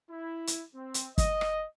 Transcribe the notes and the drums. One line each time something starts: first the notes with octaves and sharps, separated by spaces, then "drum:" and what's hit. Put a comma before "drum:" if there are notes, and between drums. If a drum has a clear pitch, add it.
E4
drum: hi-hat
C4
drum: hi-hat
D#5, drum: kick, hi-hat
drum: rim click